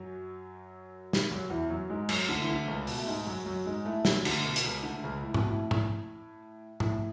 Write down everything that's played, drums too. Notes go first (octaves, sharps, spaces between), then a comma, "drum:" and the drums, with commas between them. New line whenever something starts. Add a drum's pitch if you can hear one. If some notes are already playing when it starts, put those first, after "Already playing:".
Already playing: F#2 F#3
drum: snare
F#2 F#3
E2 E3
F#2 F#3
G#2 G#3
F#2 F#3, drum: cymbal
D2 D3
E3
D2 D3
C#2 C#3
B2, drum: open hi-hat
A3
G#2 G#3
F#2 F#3
F#2 F#3
G#2 G#3
A2 A3
F#2 F#3, drum: snare
D2 D3, drum: cymbal
B2
B2, drum: hi-hat
C#2 C#3
D2 D3
C#2 C#3
A2
B2, drum: tom G#2
A2
drum: tom G#2
A2, drum: tom G#2